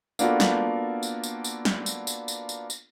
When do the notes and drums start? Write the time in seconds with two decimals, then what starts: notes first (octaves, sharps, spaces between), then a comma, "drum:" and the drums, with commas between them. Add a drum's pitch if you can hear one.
0.19 A#3 B3 D4 F4 F#4 A4, drum: tambourine
0.40 drum: snare
1.03 drum: tambourine
1.24 drum: tambourine
1.44 drum: tambourine
1.65 drum: snare
1.86 drum: tambourine
2.07 drum: tambourine
2.28 drum: tambourine
2.49 drum: tambourine
2.70 drum: tambourine